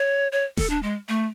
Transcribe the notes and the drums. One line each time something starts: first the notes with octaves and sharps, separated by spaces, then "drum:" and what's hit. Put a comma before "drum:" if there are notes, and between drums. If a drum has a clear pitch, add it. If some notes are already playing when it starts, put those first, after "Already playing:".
Already playing: C#5
C#5
A4, drum: snare D#1
D4
G#3
A3